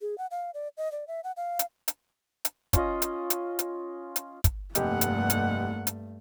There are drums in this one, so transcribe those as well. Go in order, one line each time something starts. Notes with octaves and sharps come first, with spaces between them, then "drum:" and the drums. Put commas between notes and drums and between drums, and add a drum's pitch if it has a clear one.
G#4
F#5
F5
D5
D#5
D5
E5
F#5
F5
drum: hi-hat
drum: hi-hat
drum: hi-hat
C#4 F4 D#5, drum: kick, hi-hat
drum: hi-hat
drum: hi-hat
drum: hi-hat
drum: hi-hat
drum: kick, hi-hat
F1 G2 A3 A#3 G4 D#5 F#5, drum: hi-hat
drum: hi-hat
drum: hi-hat
drum: hi-hat